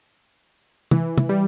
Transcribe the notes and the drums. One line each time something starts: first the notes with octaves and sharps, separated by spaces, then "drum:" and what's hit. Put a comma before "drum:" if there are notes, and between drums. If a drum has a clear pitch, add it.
E3, drum: tom
drum: tom
G3